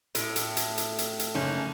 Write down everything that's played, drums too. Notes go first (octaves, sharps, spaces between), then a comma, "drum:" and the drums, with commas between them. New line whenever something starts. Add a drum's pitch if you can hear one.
A2, drum: hi-hat
drum: hi-hat
drum: hi-hat
drum: hi-hat
drum: hi-hat
drum: hi-hat
F#1 C#4